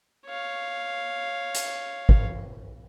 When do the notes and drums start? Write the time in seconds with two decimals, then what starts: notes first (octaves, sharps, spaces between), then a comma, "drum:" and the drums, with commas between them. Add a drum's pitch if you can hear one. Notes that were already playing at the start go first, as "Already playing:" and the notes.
0.26 C#5 F5
1.54 drum: hi-hat
2.09 drum: kick